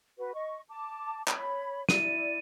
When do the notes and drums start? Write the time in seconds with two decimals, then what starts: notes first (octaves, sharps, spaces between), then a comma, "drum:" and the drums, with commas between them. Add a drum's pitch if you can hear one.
0.18 F#4 B4
0.34 D#5 C#6
0.69 A5 D6
1.28 C#5 B5, drum: clap
1.89 E4 D5 D#7, drum: snare